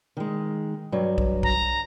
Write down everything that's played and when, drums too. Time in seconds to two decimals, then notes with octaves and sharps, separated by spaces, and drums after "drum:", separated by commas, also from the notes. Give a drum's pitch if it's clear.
0.17 D#3 G#3
0.92 G2 F#3
1.18 drum: kick
1.43 A#5, drum: kick